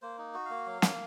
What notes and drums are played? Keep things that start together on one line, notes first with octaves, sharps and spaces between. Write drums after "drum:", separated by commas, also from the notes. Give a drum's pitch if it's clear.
A#3 C5
D#4
F#4
A#3 F5
F#3
A#3, drum: snare